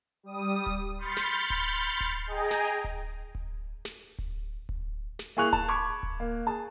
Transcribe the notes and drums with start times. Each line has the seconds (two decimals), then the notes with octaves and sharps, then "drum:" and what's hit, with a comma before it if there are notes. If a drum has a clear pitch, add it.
0.23 G3 D#6
0.66 drum: kick D1
0.98 B5 C6 F6 G6 A6 C#7
1.17 drum: snare
1.50 drum: kick D1
2.01 drum: kick D1
2.27 G#4 D#5 G5 G#5 A#5
2.51 drum: snare
2.84 drum: kick D1
3.35 drum: kick D1
3.85 drum: snare
4.19 drum: kick D1
4.69 drum: kick D1
5.19 drum: snare
5.37 A#3 E4 G#4 C#6 F#6 F7
5.53 A5, drum: kick D1
5.69 B5 C#6 D6 G#6
6.03 drum: kick D1
6.20 A#3
6.47 G#4 A5